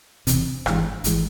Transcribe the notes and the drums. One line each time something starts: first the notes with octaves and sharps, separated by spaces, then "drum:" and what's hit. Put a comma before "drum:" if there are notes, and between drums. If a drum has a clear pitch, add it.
E1 E2 C3, drum: hi-hat
G#1 G2 E3 G#3, drum: rim click
G#1 E3 G#3, drum: hi-hat